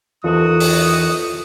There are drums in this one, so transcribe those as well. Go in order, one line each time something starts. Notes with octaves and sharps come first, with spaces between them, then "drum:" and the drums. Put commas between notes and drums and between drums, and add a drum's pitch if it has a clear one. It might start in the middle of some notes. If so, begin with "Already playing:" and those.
E2 C3 D#3 F4 F#4 A4 D#6
drum: open hi-hat